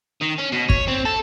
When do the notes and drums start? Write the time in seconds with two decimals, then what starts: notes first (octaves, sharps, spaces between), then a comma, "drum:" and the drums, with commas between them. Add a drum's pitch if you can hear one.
0.22 D#3
0.39 C#4
0.53 B2
0.70 C#5, drum: kick
0.88 C4
1.05 A4